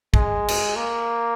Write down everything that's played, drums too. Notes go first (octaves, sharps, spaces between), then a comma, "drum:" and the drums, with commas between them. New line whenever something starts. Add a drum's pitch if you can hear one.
G#3, drum: kick
drum: cymbal
A#3